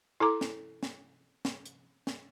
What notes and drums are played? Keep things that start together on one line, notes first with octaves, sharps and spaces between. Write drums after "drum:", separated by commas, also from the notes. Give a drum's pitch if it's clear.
E4 A4 A#5 D6
drum: snare
drum: snare
drum: snare
drum: hi-hat
drum: snare